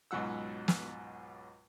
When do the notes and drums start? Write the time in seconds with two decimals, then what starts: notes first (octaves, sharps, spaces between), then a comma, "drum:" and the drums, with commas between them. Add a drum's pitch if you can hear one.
0.11 C#2 G#2 B2 F#3 F#5 E6
0.68 drum: snare